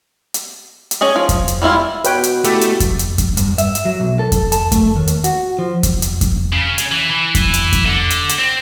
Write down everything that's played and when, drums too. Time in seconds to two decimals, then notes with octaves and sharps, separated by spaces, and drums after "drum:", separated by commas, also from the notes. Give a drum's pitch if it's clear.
0.34 drum: hi-hat
0.91 drum: hi-hat
1.01 C#4 G#4 D#5
1.16 F3
1.29 drum: kick F2, hi-hat
1.48 drum: hi-hat
1.62 G3 G#3 E4 F4
2.04 B2 B4 C#5 G5, drum: hi-hat
2.23 drum: hi-hat
2.44 A3 E4 G4, drum: hi-hat
2.61 drum: hi-hat
2.80 drum: kick F2, hi-hat
2.99 drum: hi-hat
3.18 drum: kick F2, hi-hat
3.37 G2, drum: hi-hat
3.58 E5, drum: hi-hat
3.75 drum: hi-hat
3.85 F#3
4.00 B1
4.19 A4
4.32 drum: kick F2, hi-hat
4.52 A5, drum: hi-hat
4.72 A3, drum: kick F2, hi-hat
4.96 D#2
5.07 drum: hi-hat
5.24 F#4, drum: hi-hat
5.59 F3
5.83 drum: kick F2, hi-hat
6.02 drum: hi-hat
6.21 drum: kick F2, hi-hat
6.52 C#3
6.78 drum: hi-hat
6.92 E3
7.11 E3
7.35 drum: kick F2, hi-hat
7.54 drum: hi-hat
7.73 drum: kick F2, hi-hat
7.86 D3
8.10 drum: hi-hat
8.29 drum: hi-hat
8.39 C4